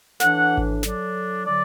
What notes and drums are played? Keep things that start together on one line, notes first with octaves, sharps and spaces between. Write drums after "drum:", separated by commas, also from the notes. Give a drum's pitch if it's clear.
A2 E3 D4 F#5, drum: snare
drum: kick G#1
D3 F#3 D4, drum: snare
D3 F#3 D5